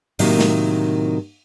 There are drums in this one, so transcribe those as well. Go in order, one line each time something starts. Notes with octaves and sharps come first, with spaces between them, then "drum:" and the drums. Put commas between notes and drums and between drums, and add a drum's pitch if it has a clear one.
A2 C3 D#3 F#3 A#3, drum: open hi-hat
drum: snare